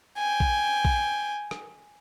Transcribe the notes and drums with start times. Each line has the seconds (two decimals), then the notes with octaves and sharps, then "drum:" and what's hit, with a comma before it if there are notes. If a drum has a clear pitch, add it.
0.18 G5 G#5
0.40 drum: kick A#1
0.85 drum: kick A#1
1.51 drum: rim click